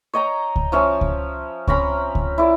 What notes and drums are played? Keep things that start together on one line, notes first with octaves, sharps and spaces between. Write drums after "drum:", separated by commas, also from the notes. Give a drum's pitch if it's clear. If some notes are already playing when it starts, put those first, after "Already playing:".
C#5 D#5 G5 A#5
drum: kick C#2
F3 C#4 E5
drum: kick C#2
C4 C#4 A#5 B5, drum: kick C#2
drum: kick C#2
E4 D5